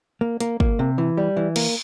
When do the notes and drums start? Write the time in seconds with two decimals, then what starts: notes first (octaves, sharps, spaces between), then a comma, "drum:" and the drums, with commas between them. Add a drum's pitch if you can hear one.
0.21 A#3
0.40 A#3, drum: hi-hat
0.60 A#3, drum: kick
0.79 C3
0.98 E3
1.17 G3
1.37 E3
1.56 A#3, drum: cymbal